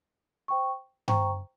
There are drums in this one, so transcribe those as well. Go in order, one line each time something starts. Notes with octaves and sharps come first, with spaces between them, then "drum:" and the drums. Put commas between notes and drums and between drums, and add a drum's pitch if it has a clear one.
C5 G5 C#6
C5 G5 A#5 C#6, drum: tom G2